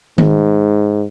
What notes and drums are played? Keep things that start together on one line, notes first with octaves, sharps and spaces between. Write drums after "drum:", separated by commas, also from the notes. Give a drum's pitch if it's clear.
G#2, drum: tom D#3